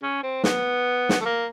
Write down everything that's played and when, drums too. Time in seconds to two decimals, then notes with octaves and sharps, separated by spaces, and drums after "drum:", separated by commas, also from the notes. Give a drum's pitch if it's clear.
0.03 C#4
0.23 C4
0.44 B3, drum: snare
1.09 drum: snare
1.21 A3
1.25 A#3